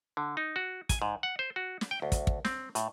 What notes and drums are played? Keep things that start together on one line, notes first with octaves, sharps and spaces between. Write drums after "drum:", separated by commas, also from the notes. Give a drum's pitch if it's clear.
D3
D#4
F#4
G#5, drum: kick, hi-hat
G#2
F#5
C5
F#4
drum: snare
G5
D2
drum: kick, hi-hat
drum: kick
C4, drum: snare
A2, drum: hi-hat